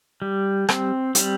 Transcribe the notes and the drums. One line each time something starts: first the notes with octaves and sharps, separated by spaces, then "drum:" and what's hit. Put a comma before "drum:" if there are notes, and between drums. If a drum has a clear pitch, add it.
G3
C4, drum: rim click
G3, drum: hi-hat